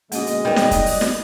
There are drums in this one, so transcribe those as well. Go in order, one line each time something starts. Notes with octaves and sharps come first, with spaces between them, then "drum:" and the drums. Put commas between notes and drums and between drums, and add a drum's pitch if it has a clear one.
B2 D3 G#3 A#3 C#4 F#4 D#5, drum: hi-hat
drum: hi-hat
F#3 G3 D#4 A#4 B4
drum: snare
drum: kick, hi-hat
drum: open hi-hat
drum: snare